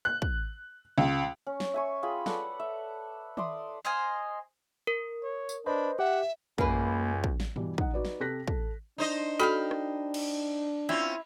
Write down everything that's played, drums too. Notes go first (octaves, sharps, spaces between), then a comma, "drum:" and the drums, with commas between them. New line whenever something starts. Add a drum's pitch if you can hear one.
F#6
drum: kick
C#2
C#4
drum: snare
E5 G#5 C#6
F4 G#4 G5 B5
A4 B4 D5 F#5, drum: snare
E5
D5 E5 C6 D#6, drum: tom D#3
C5 D#5 F5 G#5
A#4
C#5
drum: tambourine
D4 B4 C5 D#5 B5
G4 E5 F#5
C#2 F#2 A#3 B4 G#5, drum: kick
drum: kick
drum: snare
B2 E3 G3, drum: tom G2
D#4 F#5, drum: kick
D#4 F#4 B4 D5
drum: snare
C3 A4 F#6 A#6 B6
A4, drum: kick
D4 D#4 C5 D#5
F#4 A4 F5 G5 B5
drum: rim click
drum: cymbal
C4 C#4 E4 F4